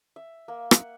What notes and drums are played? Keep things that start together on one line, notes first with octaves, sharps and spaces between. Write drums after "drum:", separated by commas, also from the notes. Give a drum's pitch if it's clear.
E5
A#3
F#5, drum: rim click